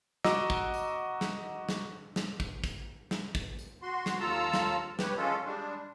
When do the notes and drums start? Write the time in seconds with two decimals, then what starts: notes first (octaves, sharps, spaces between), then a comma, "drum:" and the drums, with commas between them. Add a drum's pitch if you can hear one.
0.24 F#4 D#5 F#5 A#5 D6 E6, drum: snare
0.50 drum: kick
0.74 drum: tambourine
1.21 drum: snare
1.69 drum: snare
2.16 drum: snare
2.40 drum: kick
2.64 drum: kick, tambourine
3.11 drum: snare
3.35 drum: kick
3.59 drum: tambourine
3.82 F#4 C6
4.06 drum: snare
4.20 D#2 F4 A4 A5 A#5 E6
4.53 drum: snare
4.99 G4 B4 C#5, drum: snare
5.17 G#3 C#4 F4 A4
5.45 G3 G#3 D4